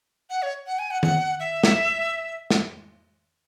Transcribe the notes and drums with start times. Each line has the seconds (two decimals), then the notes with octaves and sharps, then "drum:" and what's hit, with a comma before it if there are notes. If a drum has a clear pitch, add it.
0.30 F#5
0.42 C#5
0.67 F#5
0.79 G#5
0.91 F#5
1.03 F#5, drum: tom D#3
1.40 E5
1.63 drum: snare
2.50 drum: snare